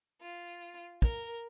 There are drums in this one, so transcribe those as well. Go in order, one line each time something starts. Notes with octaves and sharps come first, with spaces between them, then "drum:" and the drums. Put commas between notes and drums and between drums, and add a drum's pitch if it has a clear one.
F4
A#4, drum: kick